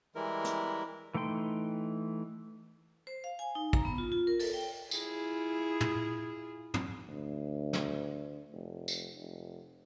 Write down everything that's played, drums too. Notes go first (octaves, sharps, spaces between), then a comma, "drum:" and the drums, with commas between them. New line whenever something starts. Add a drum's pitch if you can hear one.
E3 G3 G#3 E4 A#4
drum: hi-hat
E3 A3 D#4 G5 C6
C5
F5
G#5
D#4
A#5, drum: kick
B3
F4
F4
A#4
A4, drum: open hi-hat
G5
E4 F4 G#4, drum: tambourine
drum: tom
drum: tom
D2
drum: snare
F1
drum: tambourine
F1